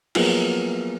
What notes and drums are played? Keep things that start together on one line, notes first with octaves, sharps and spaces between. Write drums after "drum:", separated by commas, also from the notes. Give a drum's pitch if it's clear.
F3 F#3 A#3 B3 G#4, drum: cymbal